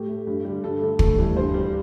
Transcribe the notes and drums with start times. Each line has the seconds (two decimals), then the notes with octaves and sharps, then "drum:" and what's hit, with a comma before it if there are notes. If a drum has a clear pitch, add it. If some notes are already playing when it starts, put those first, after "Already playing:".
Already playing: A2 G4
0.09 A3
0.27 G2
0.45 D3 G3
0.64 G2 A4
0.81 D3 A3
0.99 A2 A4, drum: kick
1.18 E3 G3
1.36 G2 C5
1.54 G3